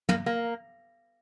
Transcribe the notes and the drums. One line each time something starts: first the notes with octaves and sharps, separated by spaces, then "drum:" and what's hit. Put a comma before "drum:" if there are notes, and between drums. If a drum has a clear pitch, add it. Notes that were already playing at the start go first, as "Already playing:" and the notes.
A#3, drum: tom
A#3